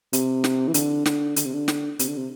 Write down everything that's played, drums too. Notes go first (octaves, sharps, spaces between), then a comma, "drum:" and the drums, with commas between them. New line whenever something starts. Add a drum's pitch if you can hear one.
C3, drum: hi-hat
drum: snare
E3
D3, drum: hi-hat
D3, drum: snare
D3, drum: hi-hat
C3
D3
drum: snare
C3, drum: hi-hat
D3
C3